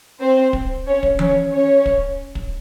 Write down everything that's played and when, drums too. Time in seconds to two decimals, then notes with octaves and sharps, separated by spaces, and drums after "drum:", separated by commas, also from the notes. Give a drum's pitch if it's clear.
0.20 C4 C5
0.53 drum: kick
0.86 C#4 C#5
1.03 drum: kick
1.19 C#4 C#5, drum: tom E3
1.52 C#4 C#5
1.86 drum: kick
2.35 drum: kick